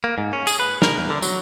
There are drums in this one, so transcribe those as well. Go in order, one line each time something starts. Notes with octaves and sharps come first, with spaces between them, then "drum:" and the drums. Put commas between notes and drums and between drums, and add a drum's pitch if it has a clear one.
A#3
G#2
C#4
G#4, drum: tambourine
B4
A#4, drum: snare
E2
D3
F#3, drum: tambourine